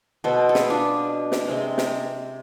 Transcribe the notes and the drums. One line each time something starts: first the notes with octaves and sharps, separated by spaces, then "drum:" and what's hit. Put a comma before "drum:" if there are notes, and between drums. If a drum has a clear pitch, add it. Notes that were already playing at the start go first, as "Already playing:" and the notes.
B2 B3 A4 C5
A4
G#4 B4, drum: snare
D4 F4
drum: snare
C3 G#3 C4
drum: snare